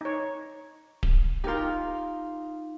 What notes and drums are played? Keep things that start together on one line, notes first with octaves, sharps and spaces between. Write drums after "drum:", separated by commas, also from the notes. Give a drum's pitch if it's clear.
D#4 C#5
drum: kick D1
D#4 F4 G4 A#4